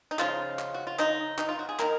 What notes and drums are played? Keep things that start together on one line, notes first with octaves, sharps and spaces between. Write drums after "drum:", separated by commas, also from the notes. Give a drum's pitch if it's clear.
D#4
C#3 F3 G#3 F4, drum: clap
drum: clap
F#4
F4
D#4, drum: clap
D#4, drum: clap
F4
F#4
G#4
D#3 A#3 A#4, drum: clap